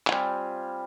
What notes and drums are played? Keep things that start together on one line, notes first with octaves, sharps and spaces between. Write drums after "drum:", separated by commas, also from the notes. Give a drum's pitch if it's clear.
G3 C4 F4 G#5, drum: clap